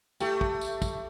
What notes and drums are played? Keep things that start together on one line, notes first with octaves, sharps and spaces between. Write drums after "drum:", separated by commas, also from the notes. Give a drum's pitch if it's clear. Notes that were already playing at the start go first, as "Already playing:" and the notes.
A3 G4, drum: tambourine
drum: kick
drum: tambourine
drum: kick, tambourine